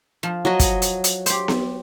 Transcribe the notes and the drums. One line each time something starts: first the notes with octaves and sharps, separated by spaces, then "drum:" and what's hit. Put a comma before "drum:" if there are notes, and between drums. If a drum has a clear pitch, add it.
F3
F#3 F#4 D#5
drum: kick, hi-hat
drum: hi-hat
drum: hi-hat
G4 C5, drum: hi-hat
drum: snare B3